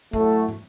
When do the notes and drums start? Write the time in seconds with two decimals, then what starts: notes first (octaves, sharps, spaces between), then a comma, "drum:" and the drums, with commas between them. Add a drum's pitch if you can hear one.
0.13 A2 F#3 A3, drum: kick
0.48 drum: tom